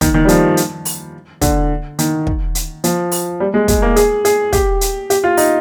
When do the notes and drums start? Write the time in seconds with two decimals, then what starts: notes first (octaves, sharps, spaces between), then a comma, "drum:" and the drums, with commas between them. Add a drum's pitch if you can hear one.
0.01 D#3, drum: kick, hi-hat
0.14 D#3
0.25 G3
0.28 F3, drum: hi-hat
0.57 drum: hi-hat
0.85 drum: open hi-hat
1.41 D3, drum: kick, hi-hat
1.99 D#3, drum: hi-hat
2.27 drum: kick
2.55 drum: hi-hat
2.84 F3, drum: hi-hat
3.12 drum: open hi-hat
3.40 G3
3.54 G#3
3.68 G#3, drum: kick, hi-hat
3.82 A#3
3.96 G#4, drum: hi-hat
4.25 G#4, drum: hi-hat
4.53 G4, drum: kick, hi-hat
4.81 drum: hi-hat
5.10 G4, drum: hi-hat
5.24 F4
5.37 D#4, drum: open hi-hat